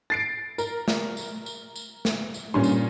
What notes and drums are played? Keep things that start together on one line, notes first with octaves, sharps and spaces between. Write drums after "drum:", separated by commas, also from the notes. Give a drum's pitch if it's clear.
A6 C7 D7
A#4, drum: tambourine
drum: snare
drum: tambourine
drum: tambourine
drum: tambourine
drum: snare
drum: tambourine
G2 A#2 C#4 C6
drum: tambourine